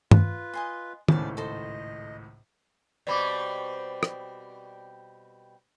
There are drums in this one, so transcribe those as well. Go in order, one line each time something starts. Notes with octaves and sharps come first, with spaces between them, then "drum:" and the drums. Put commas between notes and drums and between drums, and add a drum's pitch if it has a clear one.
F4 B4, drum: tom G2
D#5 G#5 C6
G#1 C#2 A2 C#4 D5 A5, drum: tom
A4 C5 D#5
B2 G3 C4 D5 B5 D6
drum: rim click